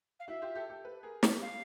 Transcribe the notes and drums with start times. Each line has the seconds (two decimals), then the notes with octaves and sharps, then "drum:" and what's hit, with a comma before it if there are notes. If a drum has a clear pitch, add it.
0.19 F5
0.28 E4 F#4 E5
0.42 F4 G4
0.55 G4 A4
0.70 G4 A4
0.85 A4 B4
1.03 G#4 A#4
1.23 G4 A4, drum: snare
1.42 F5